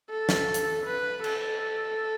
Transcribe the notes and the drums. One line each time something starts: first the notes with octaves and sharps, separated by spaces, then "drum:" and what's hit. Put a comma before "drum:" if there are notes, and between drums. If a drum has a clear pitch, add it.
A4
drum: snare
drum: hi-hat
B4
A4, drum: cymbal